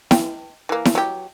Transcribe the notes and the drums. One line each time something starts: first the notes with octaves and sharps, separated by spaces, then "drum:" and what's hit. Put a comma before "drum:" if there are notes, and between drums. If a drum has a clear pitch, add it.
G5, drum: snare E4
E3 A#3
drum: snare E4
F#3 G4